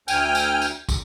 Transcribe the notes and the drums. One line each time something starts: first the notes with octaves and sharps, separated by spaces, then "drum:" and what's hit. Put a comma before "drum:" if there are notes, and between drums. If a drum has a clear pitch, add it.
D2 G5 G#5 F6 G6, drum: tambourine
drum: tambourine
drum: tambourine
drum: kick, tambourine